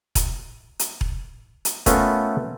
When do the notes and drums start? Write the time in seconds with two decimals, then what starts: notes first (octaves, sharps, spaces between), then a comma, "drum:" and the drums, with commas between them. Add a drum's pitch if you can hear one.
0.15 drum: kick E1, hi-hat
0.79 drum: hi-hat
1.01 drum: kick E1
1.65 drum: hi-hat
1.86 A3 B3 C#4 F4 A#4 B4, drum: kick E1, hi-hat